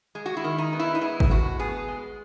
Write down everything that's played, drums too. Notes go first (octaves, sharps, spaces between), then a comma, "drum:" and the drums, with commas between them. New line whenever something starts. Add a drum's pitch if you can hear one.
G#3
F#4
E4
D#3
D#4
B3
E4
D#4
G#3 E4
drum: kick
A2 F#4
B3 G#4
G#3